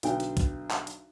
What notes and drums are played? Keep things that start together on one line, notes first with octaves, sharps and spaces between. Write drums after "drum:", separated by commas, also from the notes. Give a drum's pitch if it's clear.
B1 D3 G5, drum: hi-hat
drum: hi-hat
drum: kick, hi-hat
drum: clap
drum: hi-hat